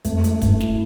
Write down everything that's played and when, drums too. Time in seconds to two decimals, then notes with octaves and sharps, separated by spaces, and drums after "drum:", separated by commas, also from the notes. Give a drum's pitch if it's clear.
0.05 F2 A3, drum: hi-hat
0.24 A3, drum: hi-hat
0.42 G2 A3, drum: kick, hi-hat
0.60 E4, drum: snare